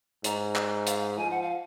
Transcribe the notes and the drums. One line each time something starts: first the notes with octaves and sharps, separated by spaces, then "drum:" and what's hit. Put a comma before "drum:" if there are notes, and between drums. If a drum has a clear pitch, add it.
G#2 A#5, drum: hi-hat
drum: clap
F5, drum: hi-hat
F3 G#5
F#5
F5